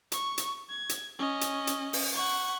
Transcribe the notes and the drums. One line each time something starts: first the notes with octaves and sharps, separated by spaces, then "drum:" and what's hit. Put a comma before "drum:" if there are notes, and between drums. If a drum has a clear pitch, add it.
C#6, drum: hi-hat
drum: hi-hat
G#6
drum: hi-hat
C#4 D#5
drum: hi-hat
drum: hi-hat
drum: open hi-hat
F#5 C#6